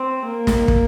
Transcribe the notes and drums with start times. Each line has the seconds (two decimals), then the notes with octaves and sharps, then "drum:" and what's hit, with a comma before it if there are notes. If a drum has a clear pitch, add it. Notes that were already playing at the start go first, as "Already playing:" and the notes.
Already playing: C4
0.25 A#3
0.47 drum: snare
0.68 drum: kick